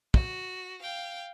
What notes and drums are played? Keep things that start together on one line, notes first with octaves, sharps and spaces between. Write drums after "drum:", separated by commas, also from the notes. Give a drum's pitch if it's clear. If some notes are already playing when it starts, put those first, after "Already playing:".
F#4, drum: kick
F5 G5